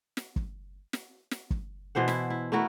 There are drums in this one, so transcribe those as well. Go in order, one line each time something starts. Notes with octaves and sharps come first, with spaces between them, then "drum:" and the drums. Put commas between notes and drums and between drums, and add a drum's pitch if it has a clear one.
drum: snare
drum: kick
drum: snare
drum: snare
drum: kick
B2 E3 C5 F#5
E4, drum: snare
E4
A3 E4 F#4 A#4